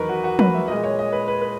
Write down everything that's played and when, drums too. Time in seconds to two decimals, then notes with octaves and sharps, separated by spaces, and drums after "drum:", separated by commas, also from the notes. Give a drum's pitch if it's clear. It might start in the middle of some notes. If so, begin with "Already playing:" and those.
Already playing: E2 D#3 F#3 A#4 B4 D#5 C#6
0.09 F#4
0.24 F#4
0.39 B4, drum: tom
0.54 E5
0.68 A#2 G#3 D#5
0.84 C#5
0.99 D#5
1.13 B4
1.28 B4
1.42 B4